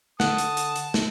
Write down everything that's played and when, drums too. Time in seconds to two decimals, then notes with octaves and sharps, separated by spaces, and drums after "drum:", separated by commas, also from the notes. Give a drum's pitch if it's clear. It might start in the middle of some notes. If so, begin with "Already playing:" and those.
0.20 D3 F#5 A5 D#6, drum: snare
0.38 drum: hi-hat
0.57 drum: hi-hat
0.76 drum: hi-hat
0.94 drum: snare